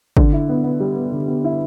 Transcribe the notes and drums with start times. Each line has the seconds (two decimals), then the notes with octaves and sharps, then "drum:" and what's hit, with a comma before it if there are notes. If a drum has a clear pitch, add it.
0.17 D3, drum: kick
0.33 E4
0.49 B3
0.64 B3
0.80 G3
0.96 B3
1.12 D3
1.28 B3
1.44 E4